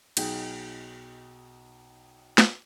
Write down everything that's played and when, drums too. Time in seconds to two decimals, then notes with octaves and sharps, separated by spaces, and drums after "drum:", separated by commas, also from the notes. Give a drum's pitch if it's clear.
0.17 B1 D#4 G#4 G5, drum: cymbal
2.38 drum: snare